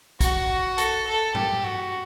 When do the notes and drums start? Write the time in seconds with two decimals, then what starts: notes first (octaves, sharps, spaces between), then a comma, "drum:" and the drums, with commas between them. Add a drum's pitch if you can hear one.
0.21 F#4, drum: kick, hi-hat
0.78 A4, drum: hi-hat
1.07 A4
1.35 G4, drum: tom G2
1.64 F#4